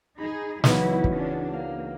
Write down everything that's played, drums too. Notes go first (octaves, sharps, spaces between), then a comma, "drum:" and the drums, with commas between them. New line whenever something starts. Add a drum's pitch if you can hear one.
D#4 G#4 B5
C#2 C#3 E3 F#3 B3 D#4 E4 F#4, drum: snare
drum: kick
C#4 D4
A#3 F5